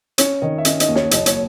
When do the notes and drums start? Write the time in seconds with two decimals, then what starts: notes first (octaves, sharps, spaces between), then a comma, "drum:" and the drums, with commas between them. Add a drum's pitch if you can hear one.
0.18 C#4 C#5, drum: hi-hat
0.42 D#3 D#5
0.58 E5
0.65 C#4 D#5, drum: hi-hat
0.80 D#5, drum: hi-hat
0.88 D#2
0.95 C#5, drum: snare
1.11 F#1 D#5, drum: hi-hat
1.26 C#5, drum: hi-hat